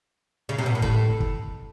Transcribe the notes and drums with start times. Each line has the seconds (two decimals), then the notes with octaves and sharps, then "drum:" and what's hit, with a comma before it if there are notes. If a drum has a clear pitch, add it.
0.49 C#3
0.58 C3
0.66 B2
0.75 A#2
0.82 A2, drum: kick
1.20 drum: kick